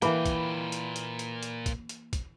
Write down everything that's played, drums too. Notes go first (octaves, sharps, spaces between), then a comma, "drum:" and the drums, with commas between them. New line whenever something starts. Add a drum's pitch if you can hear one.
A#2 E3 A#3 A#4 B4 G5 B5, drum: hi-hat
drum: kick, hi-hat
drum: hi-hat
drum: hi-hat
drum: hi-hat
drum: hi-hat
drum: kick, hi-hat
drum: hi-hat
drum: kick, hi-hat